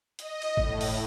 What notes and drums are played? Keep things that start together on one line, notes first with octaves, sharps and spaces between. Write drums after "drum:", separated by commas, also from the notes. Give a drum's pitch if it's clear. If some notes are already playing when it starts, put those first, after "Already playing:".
D#5, drum: hi-hat
drum: cymbal
A2, drum: kick
drum: open hi-hat